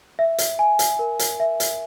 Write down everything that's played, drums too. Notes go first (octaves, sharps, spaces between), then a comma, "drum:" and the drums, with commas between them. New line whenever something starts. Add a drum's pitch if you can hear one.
E5
drum: hi-hat
G#5
drum: hi-hat
A#4
drum: hi-hat
E5
drum: hi-hat